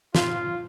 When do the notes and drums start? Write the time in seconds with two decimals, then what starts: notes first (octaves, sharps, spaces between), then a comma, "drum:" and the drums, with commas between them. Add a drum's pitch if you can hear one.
0.15 F4, drum: snare